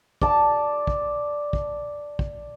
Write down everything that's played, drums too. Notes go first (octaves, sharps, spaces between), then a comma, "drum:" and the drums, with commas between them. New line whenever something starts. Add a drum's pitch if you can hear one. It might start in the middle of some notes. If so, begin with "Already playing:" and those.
D5 A5, drum: kick
drum: kick
drum: kick
drum: kick